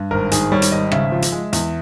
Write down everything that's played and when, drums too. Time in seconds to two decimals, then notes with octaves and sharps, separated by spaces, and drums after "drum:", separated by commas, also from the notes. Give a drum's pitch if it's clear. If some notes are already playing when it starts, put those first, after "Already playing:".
Already playing: G2
0.11 G#1 A#4
0.31 D#3 G#4, drum: hi-hat
0.52 G3 C#5
0.62 drum: hi-hat
0.72 G#1 D#5
0.92 C#3 E5, drum: rim click
1.12 F3
1.22 drum: hi-hat
1.32 G#3
1.53 E2, drum: hi-hat